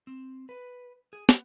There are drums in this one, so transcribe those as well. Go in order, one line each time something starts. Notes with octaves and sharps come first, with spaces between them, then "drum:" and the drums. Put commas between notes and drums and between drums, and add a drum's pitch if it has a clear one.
C4
B4
G#4
B3, drum: snare